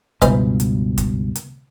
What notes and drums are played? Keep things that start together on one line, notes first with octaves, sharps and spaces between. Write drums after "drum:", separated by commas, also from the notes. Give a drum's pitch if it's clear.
C#2 G2 B2 E3 D#4 C5, drum: kick, hi-hat
drum: hi-hat
drum: kick, hi-hat
drum: hi-hat